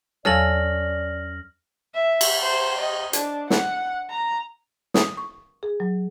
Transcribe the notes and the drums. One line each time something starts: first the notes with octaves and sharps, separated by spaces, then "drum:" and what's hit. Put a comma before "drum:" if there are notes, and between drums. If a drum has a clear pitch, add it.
E2 F#3 C#4 A4 D5 F6 A#6 F#7
E5
drum: cymbal
C5
D#5
D4, drum: hi-hat
F#5, drum: snare
A#5
D#6, drum: snare
C#6
G#4
F#3